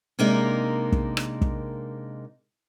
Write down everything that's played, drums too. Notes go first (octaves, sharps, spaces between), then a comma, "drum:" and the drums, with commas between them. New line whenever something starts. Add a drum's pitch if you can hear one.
C3 G#3 A#3 D4 D#4 A#4
drum: kick
drum: rim click
drum: kick